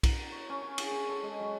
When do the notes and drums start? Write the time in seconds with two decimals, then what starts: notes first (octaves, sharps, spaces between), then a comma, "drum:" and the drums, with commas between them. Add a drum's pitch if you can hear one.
0.03 A#4, drum: kick B1, cymbal
0.32 C#5
0.49 C#4
0.62 G#5
0.78 G#4, drum: cymbal
0.91 C#5
1.09 A4
1.23 G#3
1.39 F#3